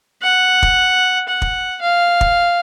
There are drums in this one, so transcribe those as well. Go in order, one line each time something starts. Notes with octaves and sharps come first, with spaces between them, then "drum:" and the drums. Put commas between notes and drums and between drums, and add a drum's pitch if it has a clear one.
F#5
drum: kick
F#5
drum: kick
F5
drum: kick